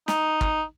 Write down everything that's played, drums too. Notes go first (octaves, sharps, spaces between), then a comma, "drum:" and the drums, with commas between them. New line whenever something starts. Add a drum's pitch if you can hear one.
D#4, drum: snare
drum: kick